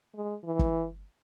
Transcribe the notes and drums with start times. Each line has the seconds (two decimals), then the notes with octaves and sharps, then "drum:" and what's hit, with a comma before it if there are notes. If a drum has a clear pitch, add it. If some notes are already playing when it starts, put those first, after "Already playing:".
0.15 G#3
0.44 E3
0.59 drum: kick